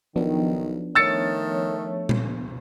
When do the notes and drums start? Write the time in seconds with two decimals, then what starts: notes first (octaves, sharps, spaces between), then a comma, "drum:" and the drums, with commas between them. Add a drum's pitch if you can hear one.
0.16 B1 D#3 F3 B3 D4
0.95 D#3 A3 C#5 E6 A6 C#7
2.09 drum: tom A#2